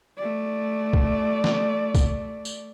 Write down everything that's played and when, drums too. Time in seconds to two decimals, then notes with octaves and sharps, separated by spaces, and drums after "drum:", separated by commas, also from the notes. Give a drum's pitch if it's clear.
0.18 A3 D5
0.93 drum: kick
1.44 drum: snare
1.95 drum: kick, tambourine
2.45 drum: tambourine